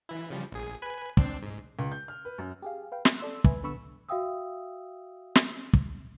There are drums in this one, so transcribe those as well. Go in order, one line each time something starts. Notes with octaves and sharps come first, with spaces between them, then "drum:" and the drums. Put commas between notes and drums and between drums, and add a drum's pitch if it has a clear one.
E3 E4
C#3 F3 G3
A#1 G#4
B4 G#5 B5
C4 D4 C7, drum: kick
G#2
C#2
G6
F6
B4
F#2
G4 G#4 F5
B4 F5 G5
F#6, drum: snare
A4 D5 C6 E6
B4 E5 G#5, drum: kick
A#1 D3 B3 B5 C#6 E6
F#4 E5 F5 G5 D#6 E6
drum: snare
drum: kick